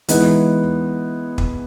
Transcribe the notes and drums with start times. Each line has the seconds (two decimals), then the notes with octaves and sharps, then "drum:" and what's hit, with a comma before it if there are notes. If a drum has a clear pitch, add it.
0.08 E3 G#3 B3 D#4, drum: hi-hat
1.38 drum: kick